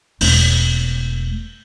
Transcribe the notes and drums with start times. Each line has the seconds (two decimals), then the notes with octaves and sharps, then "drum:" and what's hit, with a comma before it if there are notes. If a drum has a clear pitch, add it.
0.21 E1 A3, drum: open hi-hat